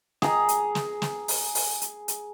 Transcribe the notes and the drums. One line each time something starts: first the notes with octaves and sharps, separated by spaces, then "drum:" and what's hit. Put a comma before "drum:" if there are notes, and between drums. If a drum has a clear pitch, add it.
G#4 A#5, drum: snare
drum: hi-hat
drum: snare
drum: snare
drum: open hi-hat
drum: open hi-hat
drum: hi-hat
drum: hi-hat